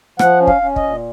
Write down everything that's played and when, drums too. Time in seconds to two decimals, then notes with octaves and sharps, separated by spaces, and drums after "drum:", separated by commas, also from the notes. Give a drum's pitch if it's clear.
0.19 F3 F#5, drum: rim click
0.40 C#4
0.47 F5, drum: kick
0.61 C#4
0.76 D#5, drum: kick
0.83 A#2